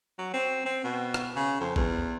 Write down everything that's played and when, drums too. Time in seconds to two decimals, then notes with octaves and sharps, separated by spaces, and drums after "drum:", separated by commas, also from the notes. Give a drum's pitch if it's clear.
0.18 F#3
0.34 C4
0.66 C4
0.84 B2
1.14 drum: rim click
1.36 C#3
1.60 F2
1.76 E2, drum: kick A1